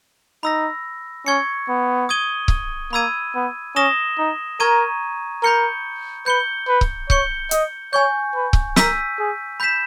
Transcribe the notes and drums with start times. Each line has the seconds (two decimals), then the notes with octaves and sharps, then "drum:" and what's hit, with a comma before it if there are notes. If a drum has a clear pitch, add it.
0.43 D#4 B5 E6 A#6
1.26 C#4 C#6 G#6 C#7
1.69 B3
2.09 D#6 G#6 D#7 G7
2.48 drum: kick C#1
2.93 A#3 B5 E6 G#6 D#7
3.35 B3
3.76 C#4 D#6 A#6 E7 G7
4.18 D#4
4.60 A#4 A#5 C#6 G#6 D#7
5.42 A#4 B5 G6 C#7 G7
6.26 B4 G6 C#7 G7
6.68 B4
6.81 drum: kick C#1
7.10 C#5 G6 C#7 G7, drum: kick C#1
7.51 D#5, drum: hi-hat
7.93 C#5 G#5 C#6 G6
8.35 B4
8.53 drum: kick C#1
8.76 A#4 E6 G6 B6 D#7, drum: snare
9.18 G#4
9.60 B5 G6 B6 E7